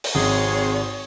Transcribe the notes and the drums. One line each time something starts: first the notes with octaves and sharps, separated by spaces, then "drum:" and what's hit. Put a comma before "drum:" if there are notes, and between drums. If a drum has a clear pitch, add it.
drum: open hi-hat
G#1 C3 G#4 C#5